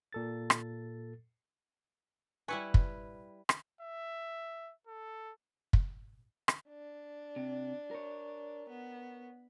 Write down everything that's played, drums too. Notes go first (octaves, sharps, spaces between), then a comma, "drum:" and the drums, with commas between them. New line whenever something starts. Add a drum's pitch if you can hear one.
A#2 A4 A6
drum: rim click
G3 E4 B4 G#5 C#6
drum: kick
drum: rim click
E5
A4
drum: kick
drum: rim click
D4
C3
A#4 C#5
B3